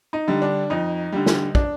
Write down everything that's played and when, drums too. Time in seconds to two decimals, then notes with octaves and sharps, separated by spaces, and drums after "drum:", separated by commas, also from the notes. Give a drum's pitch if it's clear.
0.13 D#4
0.28 D3 G3
0.42 D4
0.70 F2 D#4
1.12 D3 G3
1.26 drum: snare
1.55 D4, drum: kick